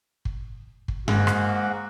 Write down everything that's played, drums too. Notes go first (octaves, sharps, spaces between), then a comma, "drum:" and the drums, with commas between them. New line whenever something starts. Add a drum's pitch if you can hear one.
drum: kick
drum: kick
G#2 G#3 A#3 F#4, drum: tom G2
drum: rim click